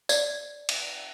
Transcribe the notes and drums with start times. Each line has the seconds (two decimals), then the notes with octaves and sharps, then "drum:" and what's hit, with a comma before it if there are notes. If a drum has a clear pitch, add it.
0.09 D5, drum: tambourine
0.69 drum: cymbal